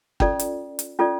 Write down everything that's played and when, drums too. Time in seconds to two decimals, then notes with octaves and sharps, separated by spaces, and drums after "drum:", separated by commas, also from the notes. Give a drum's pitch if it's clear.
0.20 C#4 F4 A4 D5, drum: kick
0.39 drum: hi-hat
0.79 drum: hi-hat
0.99 C#4 F4 A4 D5